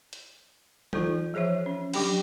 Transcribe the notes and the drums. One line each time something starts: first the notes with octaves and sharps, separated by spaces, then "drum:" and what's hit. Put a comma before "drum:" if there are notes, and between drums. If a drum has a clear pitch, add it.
drum: hi-hat
E3 D#4 F4 A4 C5, drum: tom
F3 G#4 C5 C#5 E5
C#4
F#3 D4 G4 G5 B5, drum: cymbal